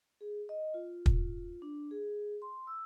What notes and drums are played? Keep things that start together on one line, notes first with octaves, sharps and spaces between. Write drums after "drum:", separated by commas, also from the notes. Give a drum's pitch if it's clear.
G#4
D#5
F4
drum: kick
D4
G#4
C6
E6